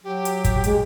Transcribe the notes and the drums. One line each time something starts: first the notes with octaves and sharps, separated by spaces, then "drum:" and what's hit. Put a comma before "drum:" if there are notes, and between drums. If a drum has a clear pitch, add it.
F#3 G4
drum: hi-hat
drum: kick, hi-hat
G#3, drum: hi-hat